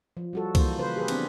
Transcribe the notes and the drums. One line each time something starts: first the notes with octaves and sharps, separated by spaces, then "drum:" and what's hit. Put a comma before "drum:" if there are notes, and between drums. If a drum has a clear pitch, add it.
F3
G3 F#4 A4
E3 A#3 C5, drum: kick C2, cymbal
C#3 B4 C5
G4 G#4 A#4 B4
B3 C4 D4, drum: cymbal